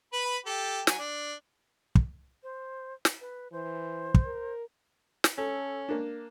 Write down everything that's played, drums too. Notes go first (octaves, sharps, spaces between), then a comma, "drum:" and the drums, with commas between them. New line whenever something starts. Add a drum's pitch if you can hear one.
B4 B5
G4 A4
F#3 G#5, drum: snare
D4
drum: kick
C5
drum: snare
B4
E3 C5
drum: kick
A#4
drum: snare
C#4 A4
A#3 D4